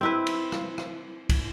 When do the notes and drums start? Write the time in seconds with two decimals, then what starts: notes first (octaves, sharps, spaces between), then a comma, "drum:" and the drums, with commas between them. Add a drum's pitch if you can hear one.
0.01 C4 E4 B4
0.27 drum: cymbal
0.52 drum: rim click
0.78 drum: rim click
1.29 drum: kick, cymbal